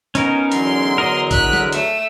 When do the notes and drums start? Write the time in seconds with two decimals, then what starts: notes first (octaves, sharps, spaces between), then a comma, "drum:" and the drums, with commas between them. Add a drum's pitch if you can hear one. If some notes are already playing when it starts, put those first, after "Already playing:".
0.15 B3 C#4 D#4 A#4, drum: hi-hat
0.52 E2 D3 F#3 C6, drum: hi-hat
0.98 A#4 D#5
1.31 F#6 B6, drum: kick, hi-hat
1.53 drum: snare
1.72 A3 E6, drum: hi-hat